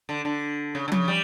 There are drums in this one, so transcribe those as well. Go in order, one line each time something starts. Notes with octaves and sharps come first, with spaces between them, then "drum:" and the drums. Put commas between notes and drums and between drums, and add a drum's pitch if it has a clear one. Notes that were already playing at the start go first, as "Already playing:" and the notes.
D3
D3
C#3
D3
C#3, drum: tom F3
G3